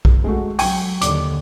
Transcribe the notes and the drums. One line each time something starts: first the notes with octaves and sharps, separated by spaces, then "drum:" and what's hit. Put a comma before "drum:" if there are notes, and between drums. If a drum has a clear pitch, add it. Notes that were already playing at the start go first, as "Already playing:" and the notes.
drum: kick B1
G#3 A3 F#4
F#3 G5 G#5 C#6, drum: open hi-hat
D#2 D3 D5 D6, drum: hi-hat